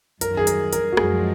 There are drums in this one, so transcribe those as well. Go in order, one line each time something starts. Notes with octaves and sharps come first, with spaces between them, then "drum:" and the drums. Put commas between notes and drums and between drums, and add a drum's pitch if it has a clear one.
F#2 D#3 F#3 A#4, drum: hi-hat
G#4
A#4, drum: hi-hat
A#4, drum: hi-hat
F#4
F#2 F3 G#3 G#4, drum: rim click